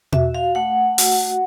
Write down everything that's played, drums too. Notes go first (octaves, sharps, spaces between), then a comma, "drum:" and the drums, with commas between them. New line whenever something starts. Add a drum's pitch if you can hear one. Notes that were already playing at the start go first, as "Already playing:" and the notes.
F#4 E5, drum: tom
F5
A3 F#5
F#4, drum: open hi-hat